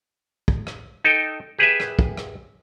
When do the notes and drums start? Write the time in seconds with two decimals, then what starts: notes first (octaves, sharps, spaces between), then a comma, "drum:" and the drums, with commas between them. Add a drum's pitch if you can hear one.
0.48 drum: kick
0.67 drum: rim click
1.04 D#4 A4 G5
1.59 G4 G#4 B4 E5
1.80 drum: rim click
1.99 drum: kick
2.17 drum: rim click